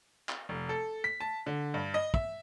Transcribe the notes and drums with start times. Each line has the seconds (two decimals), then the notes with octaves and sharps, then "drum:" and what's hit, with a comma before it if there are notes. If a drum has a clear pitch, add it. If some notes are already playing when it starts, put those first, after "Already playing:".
0.29 drum: clap
0.49 F1
0.69 A4
1.04 B6
1.20 A5
1.46 D3
1.74 G2
1.94 D#5
2.14 E5, drum: kick